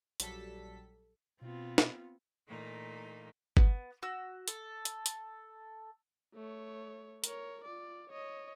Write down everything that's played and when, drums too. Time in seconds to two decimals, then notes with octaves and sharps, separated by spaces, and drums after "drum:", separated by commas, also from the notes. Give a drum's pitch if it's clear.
0.20 A#1 F#3 G3 A4 B6, drum: hi-hat
1.41 B2 B3 C4 F4
1.78 drum: snare
2.46 A#2 E3 A3 A#3 D#4
3.57 B3, drum: kick G1
4.03 F#4 E6
4.48 A4, drum: hi-hat
4.85 drum: hi-hat
5.06 drum: hi-hat
6.34 A3 C#5
7.24 A#4 C#5, drum: hi-hat
7.64 F4 D5
8.10 C#5 D#5